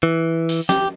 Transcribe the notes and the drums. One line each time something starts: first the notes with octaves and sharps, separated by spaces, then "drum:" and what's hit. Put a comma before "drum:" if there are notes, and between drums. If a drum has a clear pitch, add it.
E3
drum: open hi-hat
G4, drum: snare